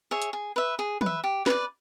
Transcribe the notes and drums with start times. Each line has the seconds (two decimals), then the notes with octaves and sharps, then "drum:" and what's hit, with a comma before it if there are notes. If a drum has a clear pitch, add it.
0.11 G#4 C#5 E5
0.22 drum: hi-hat
0.33 G#4
0.56 B4 E5
0.79 G#4
1.01 B4, drum: tom
1.06 E5
1.24 G4
1.46 B4 D5, drum: snare